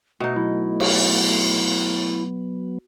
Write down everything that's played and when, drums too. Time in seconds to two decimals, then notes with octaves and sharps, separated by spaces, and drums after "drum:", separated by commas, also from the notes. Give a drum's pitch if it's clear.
0.20 B2 A3 D#4 D#5 E5
0.36 F#3 B3 E4
0.80 drum: cymbal